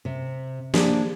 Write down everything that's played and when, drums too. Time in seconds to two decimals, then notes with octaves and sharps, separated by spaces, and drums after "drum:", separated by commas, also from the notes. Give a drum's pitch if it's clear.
0.05 C3
0.74 F3 A#3 D4 G4 G#4 D5, drum: snare